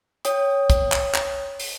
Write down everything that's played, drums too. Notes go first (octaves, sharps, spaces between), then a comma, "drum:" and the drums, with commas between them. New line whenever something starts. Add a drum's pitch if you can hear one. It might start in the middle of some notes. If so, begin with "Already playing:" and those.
C#5 G5 D#6, drum: hi-hat
drum: kick, hi-hat
drum: clap
drum: clap
drum: open hi-hat